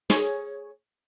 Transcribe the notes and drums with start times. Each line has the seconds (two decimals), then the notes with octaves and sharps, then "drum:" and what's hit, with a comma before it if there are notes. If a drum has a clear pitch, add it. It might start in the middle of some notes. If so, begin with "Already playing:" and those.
0.10 G#4 C#5, drum: snare